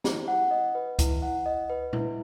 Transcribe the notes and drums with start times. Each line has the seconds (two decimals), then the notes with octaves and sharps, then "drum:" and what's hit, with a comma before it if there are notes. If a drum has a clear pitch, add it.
0.04 E4, drum: snare
0.28 F#5
0.51 D#5
0.75 B4
0.99 E4, drum: kick C#2, hi-hat
1.22 F#5
1.46 D#5
1.70 B4
1.93 E4, drum: tom A#2